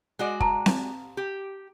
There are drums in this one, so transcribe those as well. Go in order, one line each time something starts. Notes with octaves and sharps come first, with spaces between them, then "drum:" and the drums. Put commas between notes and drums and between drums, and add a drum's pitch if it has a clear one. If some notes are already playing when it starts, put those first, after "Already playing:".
G#3 F#4 D5
A5 A#5, drum: kick
drum: snare C4
G4